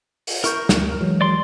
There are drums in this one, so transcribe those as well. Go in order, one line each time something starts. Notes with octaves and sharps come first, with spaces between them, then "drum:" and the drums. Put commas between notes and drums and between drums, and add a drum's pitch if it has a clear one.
drum: open hi-hat
E4 A#4 C#6 G6, drum: hi-hat
D2, drum: snare
E3 F#3 G#3
D5 C6